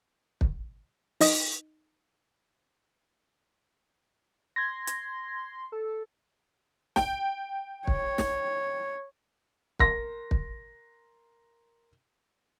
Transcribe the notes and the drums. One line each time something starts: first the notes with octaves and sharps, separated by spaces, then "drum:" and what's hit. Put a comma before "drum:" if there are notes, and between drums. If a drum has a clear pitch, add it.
drum: kick
D#4 D#5 D#6, drum: open hi-hat
C6 G#6 A#6
drum: hi-hat
A4
G5, drum: snare
C#5, drum: kick
drum: snare
A#4 C6 A#6, drum: kick
drum: kick